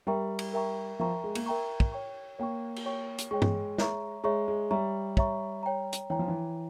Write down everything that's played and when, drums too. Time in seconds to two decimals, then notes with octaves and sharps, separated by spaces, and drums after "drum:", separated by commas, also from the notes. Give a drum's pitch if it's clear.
0.07 G3 A#4 E5 G5 A#5 C#6
0.39 drum: cymbal
0.53 A#4 E5 G5 A#5 C#6
1.00 F3 A#4 E5 G5 A#5 C#6
1.24 G#3
1.35 A#3, drum: cymbal
1.46 A#4 E5 G5 A#5 C#6
1.80 drum: kick
1.92 C#5 G5 C#6
2.39 A#3 C#5 G5 C#6
2.76 drum: cymbal
2.86 C#5 G5 C#6
3.18 drum: hi-hat
3.31 G#3 C#5 G5 C#6
3.42 drum: tom G2
3.78 C#5 E5 A#5 C#6, drum: snare
4.24 G#3 C#5 E5 A#5 C#6
4.48 G#3
4.70 G3 C#5 E5 A#5 C#6
5.17 C#5 E5 A#5 C#6, drum: kick
5.63 C#5 G5 A#5
5.93 drum: hi-hat
6.10 E3 C#5 G5 A#5
6.19 F3
6.28 E3